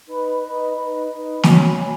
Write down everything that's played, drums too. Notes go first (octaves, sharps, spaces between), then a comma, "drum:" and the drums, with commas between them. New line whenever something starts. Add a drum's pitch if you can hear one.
D#4 B4 D#5 B5
D#4 B4 D#5 B5
D#4 B4 D#5 B5
D#4 B4 D#5 B5
F#4 C#5 G#5 B5, drum: snare
C#5 G#5 B5